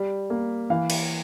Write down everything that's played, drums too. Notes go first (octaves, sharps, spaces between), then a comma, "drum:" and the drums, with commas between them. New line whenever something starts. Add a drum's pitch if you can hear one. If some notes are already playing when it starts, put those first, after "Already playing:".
Already playing: G3
A#3
E3 F5
drum: cymbal